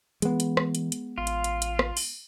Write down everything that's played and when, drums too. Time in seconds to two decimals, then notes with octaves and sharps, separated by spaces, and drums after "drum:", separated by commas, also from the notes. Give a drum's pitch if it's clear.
0.22 E3 G#3 B3, drum: hi-hat
0.40 drum: hi-hat
0.57 drum: rim click
0.75 drum: hi-hat
0.92 drum: hi-hat
1.18 A1 F4
1.27 drum: hi-hat
1.44 drum: hi-hat
1.62 drum: hi-hat
1.79 drum: rim click
1.97 drum: open hi-hat